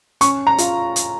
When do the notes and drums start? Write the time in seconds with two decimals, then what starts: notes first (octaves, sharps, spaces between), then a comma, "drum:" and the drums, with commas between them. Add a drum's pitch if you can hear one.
0.21 C#4 C#6, drum: hi-hat
0.47 A#5
0.58 F4, drum: hi-hat
0.96 drum: hi-hat